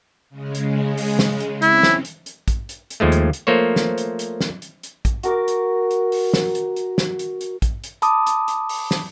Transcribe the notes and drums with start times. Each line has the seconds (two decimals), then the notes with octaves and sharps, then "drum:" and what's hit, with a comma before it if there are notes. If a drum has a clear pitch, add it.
0.29 C#3 G#3
0.55 drum: hi-hat
0.98 drum: open hi-hat
1.19 drum: snare
1.40 drum: hi-hat
1.62 C4 C#4 E4, drum: hi-hat
1.83 drum: snare
2.05 drum: hi-hat
2.26 drum: hi-hat
2.48 drum: kick, hi-hat
2.69 drum: hi-hat
2.90 drum: hi-hat
3.00 D#2 F3 G#3 A3
3.12 drum: hi-hat
3.33 drum: hi-hat
3.47 F3 A3 A#3 C5 C#5
3.76 drum: snare
3.98 drum: hi-hat
4.19 drum: hi-hat
4.41 drum: snare
4.62 drum: hi-hat
4.83 drum: hi-hat
5.05 drum: kick, hi-hat
5.23 F#4 A#4 D6, drum: hi-hat
5.48 drum: hi-hat
5.91 drum: hi-hat
6.12 drum: open hi-hat
6.34 drum: snare
6.55 drum: hi-hat
6.76 drum: hi-hat
6.98 drum: snare
7.19 drum: hi-hat
7.41 drum: hi-hat
7.62 drum: kick, hi-hat
7.84 drum: hi-hat
8.02 A5 B5 D6 D#6, drum: hi-hat
8.26 drum: hi-hat
8.48 drum: hi-hat
8.69 drum: open hi-hat
8.91 drum: snare